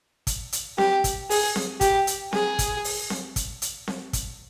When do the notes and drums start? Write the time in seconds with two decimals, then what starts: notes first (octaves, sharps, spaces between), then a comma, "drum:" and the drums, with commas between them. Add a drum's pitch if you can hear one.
0.27 drum: kick, hi-hat
0.53 drum: hi-hat
0.78 G4, drum: snare C4
1.04 drum: kick, hi-hat
1.30 G#4, drum: open hi-hat
1.56 drum: snare C4
1.81 G4, drum: kick, hi-hat
2.07 drum: hi-hat
2.33 G#4, drum: snare C4
2.59 drum: kick, hi-hat
2.84 drum: open hi-hat
3.10 drum: snare C4
3.36 drum: kick, hi-hat
3.62 drum: hi-hat
3.87 drum: snare C4
4.13 drum: kick, hi-hat